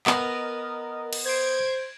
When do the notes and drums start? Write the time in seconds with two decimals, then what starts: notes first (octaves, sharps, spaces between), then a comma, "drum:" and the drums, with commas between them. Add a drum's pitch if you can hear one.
0.07 B3 A#4 D#5, drum: clap
1.13 drum: cymbal
1.26 C5 G#6 D7